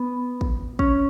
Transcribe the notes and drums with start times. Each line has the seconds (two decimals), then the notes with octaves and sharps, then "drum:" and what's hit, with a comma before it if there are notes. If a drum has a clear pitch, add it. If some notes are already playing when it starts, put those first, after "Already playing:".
Already playing: B3
0.41 drum: kick
0.79 C#4, drum: kick